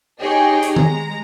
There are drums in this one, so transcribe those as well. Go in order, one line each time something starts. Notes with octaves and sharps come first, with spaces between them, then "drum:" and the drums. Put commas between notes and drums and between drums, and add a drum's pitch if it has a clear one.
D#4 G4 G#4 C#5 D#5 G5
drum: hi-hat
G#3 A#5, drum: tom D#3